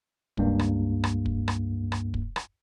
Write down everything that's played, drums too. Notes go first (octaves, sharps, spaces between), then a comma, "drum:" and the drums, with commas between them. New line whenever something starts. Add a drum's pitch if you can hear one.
C#2 G2 A#3, drum: kick
drum: rim click
drum: rim click
drum: kick
drum: rim click
drum: rim click
drum: kick
drum: rim click